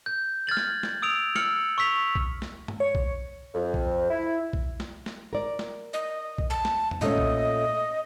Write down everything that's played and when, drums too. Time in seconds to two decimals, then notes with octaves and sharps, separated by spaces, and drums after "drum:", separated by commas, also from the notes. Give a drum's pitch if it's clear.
0.06 G6
0.47 F6 G#6 A6 F#7
0.57 drum: snare
0.83 drum: snare
1.02 D#6 E6 D7 F7
1.36 E6 F6 C#7 F#7, drum: snare
1.78 C#6 E6 B6 F7
2.15 drum: kick A#1
2.42 drum: snare
2.68 drum: tom
2.80 C#5
2.95 drum: kick A#1
3.54 F2
3.74 drum: kick A#1
4.09 E4
4.53 drum: kick A#1
4.80 drum: snare
5.06 drum: snare
5.33 A#4 D5
5.59 drum: snare
5.93 D#5
6.38 drum: kick A#1
6.50 A5
6.65 drum: snare
6.91 drum: tom E2
7.01 A#2 A3 C#4 D#5
7.18 drum: kick A#1